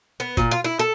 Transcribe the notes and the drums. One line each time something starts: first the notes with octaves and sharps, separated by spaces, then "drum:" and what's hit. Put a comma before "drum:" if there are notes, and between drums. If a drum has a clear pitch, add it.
B3
A#2, drum: kick, hi-hat
F4
E4
A4